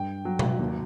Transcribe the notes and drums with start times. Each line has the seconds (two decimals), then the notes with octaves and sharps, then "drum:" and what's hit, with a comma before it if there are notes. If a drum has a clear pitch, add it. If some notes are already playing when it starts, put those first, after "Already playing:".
Already playing: G2 G5
0.25 F#3
0.39 drum: tom
0.59 D#2